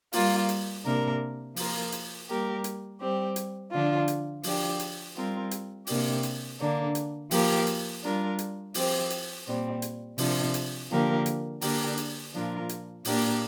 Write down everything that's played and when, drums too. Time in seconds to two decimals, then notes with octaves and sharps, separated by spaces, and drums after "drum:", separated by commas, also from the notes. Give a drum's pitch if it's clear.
0.13 G3 A#3 F4, drum: open hi-hat
0.49 drum: hi-hat
0.85 C3 A#3 D4 A#4
1.56 F3 A#3 F4 A#4, drum: open hi-hat
1.92 drum: hi-hat
2.28 G3 A#3 G4 A#4
2.64 drum: hi-hat
3.00 G3 C4 G4
3.36 drum: hi-hat
3.71 D3 F3 D4 F4
4.08 drum: hi-hat
4.43 F3 D4 G4, drum: open hi-hat
4.80 drum: hi-hat
5.16 G3 C4 F4 A#4
5.51 drum: hi-hat
5.87 C3 A#3 D4 G4, drum: open hi-hat
6.23 drum: hi-hat
6.59 D3 A#3 D4
6.95 drum: hi-hat
7.31 F3 A#3 G4 A#4, drum: open hi-hat
7.67 drum: hi-hat
8.03 G3 D4 F4 A#4
8.39 drum: hi-hat
8.74 F3 C4 G4, drum: open hi-hat
9.10 drum: hi-hat
9.46 A#2 G3 C4
9.82 drum: hi-hat
10.18 C3 F3 D4, drum: open hi-hat
10.54 drum: hi-hat
10.90 D3 F3 A#3 G4 A#4
11.26 drum: hi-hat
11.61 D3 A#3 D4 G4 A#4, drum: open hi-hat
11.98 drum: hi-hat
12.34 A#2 F3 D4 F4 A#4
12.69 drum: hi-hat
13.05 A#2 A#3 D4 G4 A#4, drum: open hi-hat